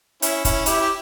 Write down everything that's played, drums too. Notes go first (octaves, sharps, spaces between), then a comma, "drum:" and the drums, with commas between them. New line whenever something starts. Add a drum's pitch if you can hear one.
C#4 E4, drum: hi-hat
C#4 E4, drum: kick, hi-hat
E4 G4, drum: hi-hat
G4